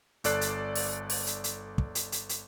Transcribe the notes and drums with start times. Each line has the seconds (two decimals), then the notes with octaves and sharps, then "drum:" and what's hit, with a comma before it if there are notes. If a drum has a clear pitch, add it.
0.24 G1 A4 D5 F#6 C7, drum: hi-hat
0.41 drum: hi-hat
0.75 drum: open hi-hat
1.10 drum: open hi-hat
1.27 drum: hi-hat
1.44 drum: hi-hat
1.78 drum: kick
1.95 drum: hi-hat
2.12 drum: hi-hat
2.29 drum: hi-hat